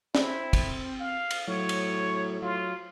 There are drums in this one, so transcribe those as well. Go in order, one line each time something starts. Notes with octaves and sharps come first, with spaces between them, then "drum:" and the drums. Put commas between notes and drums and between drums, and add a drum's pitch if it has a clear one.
C4 E4, drum: snare
drum: kick, cymbal
F5
drum: cymbal
A2 F#3 C#5
drum: cymbal
F#3 F4